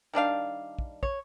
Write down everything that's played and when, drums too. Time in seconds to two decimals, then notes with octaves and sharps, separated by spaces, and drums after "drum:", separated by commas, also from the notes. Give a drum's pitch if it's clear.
0.13 D#3 G3 D4 F5
0.79 drum: kick
1.03 C#5, drum: kick